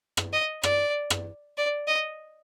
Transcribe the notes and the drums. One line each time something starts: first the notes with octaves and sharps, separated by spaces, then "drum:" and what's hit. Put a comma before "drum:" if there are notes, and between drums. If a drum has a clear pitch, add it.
drum: rim click
D#5
D5, drum: rim click
drum: rim click
D5
D#5